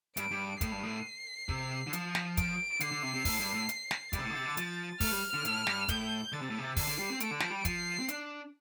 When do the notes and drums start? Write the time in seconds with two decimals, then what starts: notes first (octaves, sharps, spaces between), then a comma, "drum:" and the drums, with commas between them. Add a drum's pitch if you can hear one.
0.17 G2 D7, drum: hi-hat
0.31 G2
0.61 A2 C7, drum: kick, hi-hat
0.72 G2
0.83 A2
1.49 C3, drum: kick
1.87 D3
1.93 F3, drum: hi-hat
2.15 drum: snare
2.37 D7, drum: kick, hi-hat
2.80 D3 C7, drum: hi-hat
2.92 D3
3.03 C3
3.14 C3
3.25 A2, drum: kick, open hi-hat
3.40 G2
3.54 A2
3.69 drum: hi-hat
3.91 drum: snare
4.13 G2 A6, drum: kick, hi-hat
4.18 C3
4.24 A2
4.31 D3
4.35 C3
4.46 D3
4.57 F3, drum: hi-hat
5.00 A3 F6, drum: kick, open hi-hat
5.11 G3
5.34 D3
5.45 A2, drum: hi-hat
5.67 G2, drum: snare
5.89 A2 G6, drum: kick, hi-hat
6.32 D3 A6
6.41 C3
6.50 A2
6.59 C3
6.76 D3 C7, drum: kick, open hi-hat
6.88 D3
6.99 G3
7.10 C4
7.20 A3 D7, drum: hi-hat
7.31 D3
7.40 F3, drum: snare
7.50 G3
7.65 F3 C7, drum: kick, hi-hat
8.00 C4
8.08 D4, drum: hi-hat